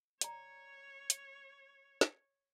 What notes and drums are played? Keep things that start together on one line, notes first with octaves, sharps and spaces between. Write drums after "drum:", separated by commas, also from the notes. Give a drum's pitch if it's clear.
C#5 D5 A#5, drum: hi-hat
drum: hi-hat
drum: snare